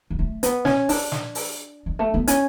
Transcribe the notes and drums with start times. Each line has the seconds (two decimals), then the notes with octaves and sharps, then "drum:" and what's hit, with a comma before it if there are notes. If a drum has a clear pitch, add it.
0.10 G#3
0.19 A3
0.43 B3, drum: hi-hat
0.65 C#4, drum: snare
0.89 D4, drum: open hi-hat
1.12 drum: snare
1.35 drum: open hi-hat
1.86 G#3
1.99 A3
2.14 B3
2.27 C#4, drum: hi-hat